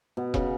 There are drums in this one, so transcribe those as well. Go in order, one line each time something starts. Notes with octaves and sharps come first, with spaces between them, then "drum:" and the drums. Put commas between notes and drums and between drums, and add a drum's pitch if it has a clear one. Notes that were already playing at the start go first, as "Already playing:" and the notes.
B2
C#3, drum: kick E1